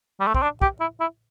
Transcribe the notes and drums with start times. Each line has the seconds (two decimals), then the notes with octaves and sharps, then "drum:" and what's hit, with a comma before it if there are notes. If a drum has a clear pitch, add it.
0.20 G3
0.27 A3
0.34 C4, drum: kick
0.42 D4
0.62 G4, drum: kick
0.80 E4
1.00 E4